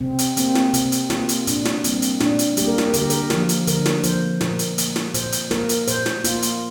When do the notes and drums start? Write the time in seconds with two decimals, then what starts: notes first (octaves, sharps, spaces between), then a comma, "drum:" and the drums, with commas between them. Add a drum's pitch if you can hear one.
0.01 C3 C4
0.19 drum: hi-hat
0.37 A#3 C4, drum: hi-hat
0.55 drum: snare
0.74 C3 C4, drum: hi-hat
0.92 drum: hi-hat
1.10 A#3 F4, drum: snare
1.29 drum: hi-hat
1.47 A#2 D4, drum: hi-hat
1.65 drum: snare
1.84 G3 A#3 C4, drum: hi-hat
2.02 drum: hi-hat
2.20 A#2 D4, drum: snare
2.39 drum: hi-hat
2.57 G3 A#3 G4, drum: hi-hat
2.68 A#4
2.78 G4, drum: snare
2.94 D3 A#4, drum: hi-hat
3.02 G4
3.10 A#4, drum: hi-hat
3.30 F3 A#3, drum: snare
3.49 drum: hi-hat
3.67 D3 A#4, drum: hi-hat
3.86 drum: snare
4.03 F3 A#3 C5, drum: hi-hat
4.41 A#2 A#4, drum: snare
4.59 drum: hi-hat
4.78 A#3, drum: hi-hat
4.96 drum: snare
5.14 A#2 C5, drum: hi-hat
5.32 drum: hi-hat
5.51 A#3 A#4, drum: snare
5.69 drum: hi-hat
5.87 A#2 C5, drum: hi-hat
6.06 drum: snare
6.24 A#3 F4, drum: hi-hat
6.42 drum: hi-hat